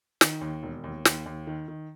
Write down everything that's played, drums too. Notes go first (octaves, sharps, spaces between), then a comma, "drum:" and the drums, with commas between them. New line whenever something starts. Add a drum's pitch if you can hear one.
D#3, drum: snare
D#2
E1
D#2
D#2, drum: snare
D#2
D#3
D#3